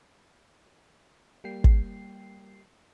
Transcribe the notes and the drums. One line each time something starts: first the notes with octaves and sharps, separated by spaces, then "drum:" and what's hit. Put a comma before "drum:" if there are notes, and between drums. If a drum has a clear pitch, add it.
G3 A#3 G5 C7
drum: kick